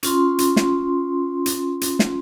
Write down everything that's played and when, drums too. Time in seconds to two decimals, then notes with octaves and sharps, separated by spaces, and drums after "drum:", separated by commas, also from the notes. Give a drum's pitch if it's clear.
0.03 C#4 F4 C6, drum: hi-hat
0.39 drum: hi-hat
0.56 drum: snare
1.46 drum: hi-hat
1.81 drum: hi-hat
1.99 drum: snare